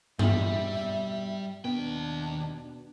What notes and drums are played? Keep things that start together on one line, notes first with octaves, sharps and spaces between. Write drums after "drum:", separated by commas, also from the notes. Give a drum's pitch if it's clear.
B2 G3 D#4 E5, drum: tom G2
D#2 B2 B3 D4 G5